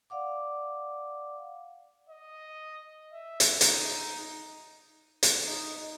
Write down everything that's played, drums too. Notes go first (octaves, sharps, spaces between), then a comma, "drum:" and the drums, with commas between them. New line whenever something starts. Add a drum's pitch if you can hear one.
D5 F5 F#5 D6
D#5
E5
drum: hi-hat
D#4, drum: hi-hat
drum: hi-hat
D#4